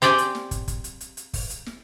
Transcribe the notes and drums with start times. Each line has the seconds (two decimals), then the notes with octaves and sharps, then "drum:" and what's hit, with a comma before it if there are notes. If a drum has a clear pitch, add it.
0.02 C4 G4 D5 G5 G#5, drum: hi-hat
0.18 drum: hi-hat
0.35 drum: snare
0.51 drum: kick, hi-hat
0.68 drum: kick, hi-hat
0.84 drum: hi-hat
1.01 drum: hi-hat
1.17 drum: hi-hat
1.33 drum: kick, open hi-hat
1.50 drum: hi-hat
1.66 drum: snare